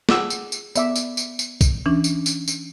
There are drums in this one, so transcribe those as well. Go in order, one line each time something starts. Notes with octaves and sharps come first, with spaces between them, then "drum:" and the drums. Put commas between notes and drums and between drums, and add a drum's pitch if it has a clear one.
G#4 F#5 D6 E6, drum: snare
drum: tambourine
drum: tambourine
B3 D5 E5 D6, drum: tambourine
drum: tambourine
drum: tambourine
drum: tambourine
drum: kick, tambourine
E3 C#4 D4
drum: tambourine
drum: tambourine
drum: tambourine